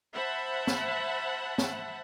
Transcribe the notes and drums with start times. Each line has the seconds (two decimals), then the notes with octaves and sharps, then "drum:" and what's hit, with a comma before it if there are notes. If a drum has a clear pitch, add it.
0.13 C5 E5 F#5 A5 B5
0.67 drum: snare
1.58 drum: snare